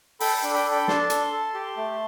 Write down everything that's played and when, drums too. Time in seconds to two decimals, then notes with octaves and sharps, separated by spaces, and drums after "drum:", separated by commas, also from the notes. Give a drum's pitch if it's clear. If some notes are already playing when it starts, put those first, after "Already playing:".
0.20 A4 G5 B5, drum: open hi-hat
0.37 G5 B5
0.43 D4
0.54 G5 B5
0.65 A4
0.72 G5 B5
0.88 D4 A5 C6, drum: snare
1.10 A4, drum: hi-hat
1.32 A4
1.54 G4
1.77 A3